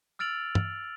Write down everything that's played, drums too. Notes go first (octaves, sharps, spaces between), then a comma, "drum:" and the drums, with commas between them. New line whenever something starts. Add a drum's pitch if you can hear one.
E6 F6 A6 D7 F7 F#7
drum: tom G2